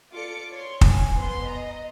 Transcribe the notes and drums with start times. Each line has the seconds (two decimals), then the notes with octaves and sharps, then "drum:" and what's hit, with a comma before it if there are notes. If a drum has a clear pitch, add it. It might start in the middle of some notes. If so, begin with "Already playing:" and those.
0.12 F4 A4 D5 D6 C#7
0.51 C#5 C6
0.81 G#5, drum: kick
1.15 B3 C5 C6
1.45 D#5 A#5